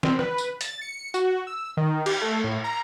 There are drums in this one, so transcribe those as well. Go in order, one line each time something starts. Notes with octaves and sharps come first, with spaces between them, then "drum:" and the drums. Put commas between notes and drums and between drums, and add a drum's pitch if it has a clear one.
C4, drum: snare
B4, drum: rim click
drum: tambourine
A6, drum: hi-hat
C#7
F#4, drum: tambourine
E6
D#3
G4, drum: cymbal
A3
A2
A#5